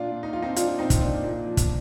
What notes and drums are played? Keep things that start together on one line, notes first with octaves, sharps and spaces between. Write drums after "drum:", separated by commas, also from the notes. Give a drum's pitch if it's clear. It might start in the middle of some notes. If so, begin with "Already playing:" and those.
Already playing: A#2 D4 F4
A#2
D#4
F3 F4
C4 D#4
F3 D4 F4, drum: hi-hat
A#2 C4 D#4
drum: kick, hi-hat
A#2 D4
A#2
F3
drum: kick, hi-hat